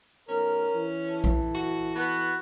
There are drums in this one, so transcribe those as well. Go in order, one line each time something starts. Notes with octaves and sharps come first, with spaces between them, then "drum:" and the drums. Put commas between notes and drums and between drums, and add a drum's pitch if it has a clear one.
B1 C#4 A#4
E3
A4
drum: kick A#1
F#4
B3 F#4